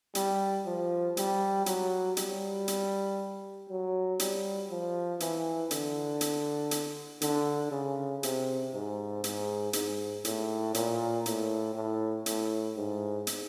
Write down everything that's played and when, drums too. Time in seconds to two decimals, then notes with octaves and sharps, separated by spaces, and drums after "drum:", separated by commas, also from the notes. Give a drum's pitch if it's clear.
0.15 G3, drum: hi-hat
0.66 F3
1.17 G3, drum: hi-hat
1.66 F#3, drum: hi-hat
2.17 G3, drum: hi-hat
2.68 drum: hi-hat
3.69 F#3
4.19 G3, drum: hi-hat
4.70 F3
5.20 E3, drum: hi-hat
5.71 D3, drum: hi-hat
6.21 drum: hi-hat
6.71 drum: hi-hat
7.21 D3, drum: hi-hat
7.71 C#3
8.23 C3, drum: hi-hat
8.73 G#2
9.24 G#2, drum: hi-hat
9.73 G#2, drum: hi-hat
10.25 A2, drum: hi-hat
10.74 A#2, drum: hi-hat
11.26 A2, drum: hi-hat
11.75 A2
12.26 A2, drum: hi-hat
12.77 G#2
13.27 drum: hi-hat